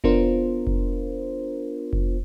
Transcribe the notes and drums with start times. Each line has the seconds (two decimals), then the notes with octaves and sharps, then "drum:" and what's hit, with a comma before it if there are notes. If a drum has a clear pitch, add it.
0.04 B3 D4 F4 A#4 C5, drum: kick F1
0.67 drum: kick F1
1.93 drum: kick F1